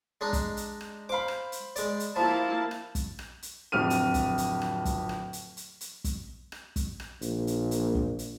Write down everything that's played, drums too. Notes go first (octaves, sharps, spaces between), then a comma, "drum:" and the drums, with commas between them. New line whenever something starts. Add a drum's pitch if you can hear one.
G#3 D4 D#4
drum: kick, hi-hat
drum: hi-hat
drum: rim click
C5 F5 B5 D6
drum: rim click
drum: hi-hat
G#3 D5, drum: hi-hat
drum: hi-hat
F3 A#3 E4 F5 A5 B5
drum: rim click
drum: kick, hi-hat
drum: rim click
drum: hi-hat
D1 F2 F6 D#7
drum: hi-hat
drum: kick, hi-hat
drum: hi-hat
drum: rim click
drum: kick, hi-hat
drum: rim click
drum: hi-hat
drum: hi-hat
drum: hi-hat
drum: kick, hi-hat
drum: rim click
drum: kick, hi-hat
drum: rim click
A#1, drum: hi-hat
drum: hi-hat
drum: hi-hat
drum: kick
drum: hi-hat